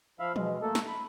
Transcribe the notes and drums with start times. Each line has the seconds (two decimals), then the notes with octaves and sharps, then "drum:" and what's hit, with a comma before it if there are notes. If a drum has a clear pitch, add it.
0.20 F3 E5 F5 B5
0.36 B2 G#3, drum: tom E3
0.62 A3 A#3 A4
0.75 drum: snare
0.88 B5